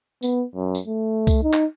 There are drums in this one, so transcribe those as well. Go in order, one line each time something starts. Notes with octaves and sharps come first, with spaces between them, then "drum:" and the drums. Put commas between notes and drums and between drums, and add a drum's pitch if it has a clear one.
B3, drum: tambourine
F#2
drum: tambourine
A3
drum: kick C2, tambourine
D#4
drum: clap